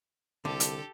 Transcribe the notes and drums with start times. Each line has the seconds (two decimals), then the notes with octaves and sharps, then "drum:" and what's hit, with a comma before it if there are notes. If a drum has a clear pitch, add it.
0.45 C2 D3 G4 A4
0.60 drum: hi-hat